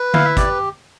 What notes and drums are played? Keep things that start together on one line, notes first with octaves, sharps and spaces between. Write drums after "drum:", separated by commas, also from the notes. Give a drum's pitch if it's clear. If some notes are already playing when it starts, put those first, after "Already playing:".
Already playing: B4
E4 F5, drum: tom
E5
G4 D5, drum: kick, hi-hat